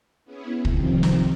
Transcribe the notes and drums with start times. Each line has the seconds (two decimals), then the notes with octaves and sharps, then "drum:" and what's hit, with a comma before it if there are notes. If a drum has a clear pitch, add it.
0.24 B3 C#4 E4 G#4
0.65 C3 D#3 F3 C4, drum: kick
1.03 drum: snare